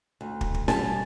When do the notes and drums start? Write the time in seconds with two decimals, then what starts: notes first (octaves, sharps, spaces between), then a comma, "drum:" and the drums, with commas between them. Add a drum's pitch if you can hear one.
0.21 D2
0.41 drum: kick
0.54 drum: kick
0.68 B2 G3 G#5 A5, drum: snare C#4